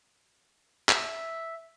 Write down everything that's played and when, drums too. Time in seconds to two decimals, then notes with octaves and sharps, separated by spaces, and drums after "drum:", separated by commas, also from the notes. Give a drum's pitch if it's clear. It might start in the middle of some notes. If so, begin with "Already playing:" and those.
0.89 E5, drum: clap